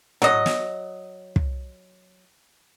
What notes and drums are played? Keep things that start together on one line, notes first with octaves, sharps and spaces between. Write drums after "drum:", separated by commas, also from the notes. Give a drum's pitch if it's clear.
F#3 D#5, drum: tom
drum: snare
drum: kick